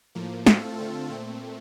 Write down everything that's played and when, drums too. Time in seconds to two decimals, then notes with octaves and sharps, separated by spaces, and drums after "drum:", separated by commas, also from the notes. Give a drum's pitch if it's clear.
0.15 A2 F3 A#3
0.46 A2 A3 C4 F4 A4, drum: snare
0.78 D3 A3 C4
1.09 A#2 A3 C4